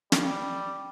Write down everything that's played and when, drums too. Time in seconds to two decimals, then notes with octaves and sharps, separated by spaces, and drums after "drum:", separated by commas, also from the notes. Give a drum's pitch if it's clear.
0.12 G3, drum: snare